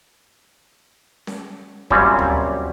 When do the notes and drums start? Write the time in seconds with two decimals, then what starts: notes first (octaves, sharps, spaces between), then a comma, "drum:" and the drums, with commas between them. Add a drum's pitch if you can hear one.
1.27 drum: snare C#4
1.90 F#2 A#2 G3 C4 C#4, drum: kick
2.19 drum: tom D2